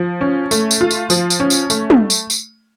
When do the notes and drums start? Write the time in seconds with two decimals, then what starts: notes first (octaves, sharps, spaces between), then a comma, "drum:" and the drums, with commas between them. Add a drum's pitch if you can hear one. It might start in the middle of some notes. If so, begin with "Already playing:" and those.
Already playing: F3
0.21 C#4
0.51 A3, drum: tambourine
0.71 drum: tambourine
0.81 F4
0.91 drum: tambourine
1.10 F3, drum: tambourine
1.30 drum: tambourine
1.40 C#4
1.50 drum: tambourine
1.70 A3, drum: tambourine
1.90 drum: tom
2.10 drum: tambourine
2.30 drum: tambourine